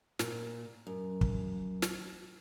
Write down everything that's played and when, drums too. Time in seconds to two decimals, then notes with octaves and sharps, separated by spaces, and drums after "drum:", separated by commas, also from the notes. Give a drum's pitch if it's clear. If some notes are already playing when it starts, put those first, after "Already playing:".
0.19 A#2, drum: snare
0.87 F#2
1.21 drum: kick
1.82 drum: snare